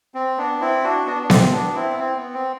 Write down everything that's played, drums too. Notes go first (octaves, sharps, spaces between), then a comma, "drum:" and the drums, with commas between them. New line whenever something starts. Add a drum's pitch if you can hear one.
C4
B3 D4
C4 E4
D4 F#4
B3 D4
D4
C4, drum: snare B3
B3 D4
C4 E4
B3
C4
B3
C4